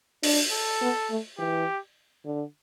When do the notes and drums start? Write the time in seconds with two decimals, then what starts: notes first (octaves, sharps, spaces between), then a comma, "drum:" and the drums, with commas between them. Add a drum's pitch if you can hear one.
0.23 D4, drum: open hi-hat
0.52 A4
0.81 B3
1.10 A3
1.39 E3 G4
2.25 D3